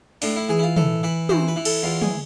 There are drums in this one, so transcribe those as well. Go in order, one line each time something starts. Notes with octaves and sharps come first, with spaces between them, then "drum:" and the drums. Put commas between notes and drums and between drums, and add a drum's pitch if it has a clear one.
A2 D4, drum: open hi-hat
E4
E3 G#4
E4
F4
E3 A4, drum: tom
E3 B4
E3 C5, drum: tom
B4
E3
A4, drum: cymbal
E2 F4
G#4, drum: tom